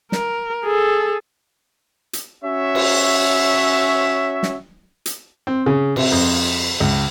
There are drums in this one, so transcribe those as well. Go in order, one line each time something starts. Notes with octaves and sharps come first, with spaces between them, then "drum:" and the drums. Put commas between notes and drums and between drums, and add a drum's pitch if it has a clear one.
A#4, drum: snare
G#4 A4
drum: hi-hat
C#4 F#4 C#5 E5
drum: cymbal
drum: snare
drum: hi-hat
C4
C#3
C3, drum: cymbal
F2
C#2